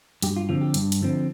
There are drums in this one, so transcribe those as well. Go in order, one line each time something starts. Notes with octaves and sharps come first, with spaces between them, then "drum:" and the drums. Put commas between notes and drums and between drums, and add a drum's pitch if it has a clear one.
G2 G4, drum: hi-hat
F4
D3 F3 C4 F4
G4
G2, drum: hi-hat
drum: hi-hat
D3 F3 C4